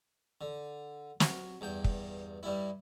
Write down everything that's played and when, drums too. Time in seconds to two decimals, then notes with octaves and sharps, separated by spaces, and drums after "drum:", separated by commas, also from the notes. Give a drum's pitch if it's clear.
0.41 D3
1.20 F#3, drum: snare
1.61 E2 G2 G5
1.84 drum: kick
2.43 G2 G3 E4